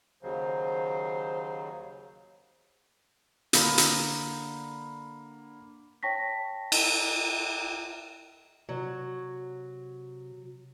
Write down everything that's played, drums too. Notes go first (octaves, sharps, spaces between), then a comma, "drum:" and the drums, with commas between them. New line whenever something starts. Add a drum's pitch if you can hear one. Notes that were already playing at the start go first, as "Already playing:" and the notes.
D#2 C#3 F#3 C5
D3 A#3 B5, drum: hi-hat
drum: hi-hat
C#5 G5 A5 C#6 A#6 B6
drum: cymbal
C3 F#3